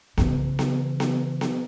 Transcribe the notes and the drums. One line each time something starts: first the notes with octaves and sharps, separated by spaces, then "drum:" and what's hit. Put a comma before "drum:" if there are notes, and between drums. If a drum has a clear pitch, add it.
C#3 E3, drum: snare B3
drum: snare B3
drum: snare B3
drum: snare B3